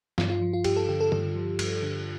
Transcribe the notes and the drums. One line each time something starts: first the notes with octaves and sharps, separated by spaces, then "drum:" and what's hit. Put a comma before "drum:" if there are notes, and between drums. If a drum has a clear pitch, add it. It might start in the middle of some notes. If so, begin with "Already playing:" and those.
G2 F4, drum: snare
F4
F3
F4
G2 G4, drum: cymbal
A4
D3 G4
A4
G2 A4, drum: tom D3
F3
G2, drum: cymbal
D3